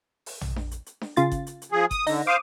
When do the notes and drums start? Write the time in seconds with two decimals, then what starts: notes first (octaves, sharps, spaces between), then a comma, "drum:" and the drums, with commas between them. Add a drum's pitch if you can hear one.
0.26 drum: open hi-hat
0.41 drum: tom
0.56 drum: snare D4
0.71 drum: hi-hat
0.86 drum: hi-hat
1.01 drum: snare D4
1.16 C#3 F4 A6, drum: hi-hat
1.32 drum: kick G1, hi-hat
1.47 drum: hi-hat
1.62 drum: hi-hat
1.72 F3 G#4
1.91 D#6, drum: kick G1, hi-hat
2.07 D3 D#4 A#6, drum: open hi-hat
2.27 C5 F5 D6 D#6